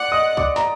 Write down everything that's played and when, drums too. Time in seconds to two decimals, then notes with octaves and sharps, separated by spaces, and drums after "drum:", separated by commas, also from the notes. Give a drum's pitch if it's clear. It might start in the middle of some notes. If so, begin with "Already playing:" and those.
Already playing: D5 F#5 D6
0.12 D#5 D#6
0.37 D5 D6, drum: kick
0.56 A#5, drum: snare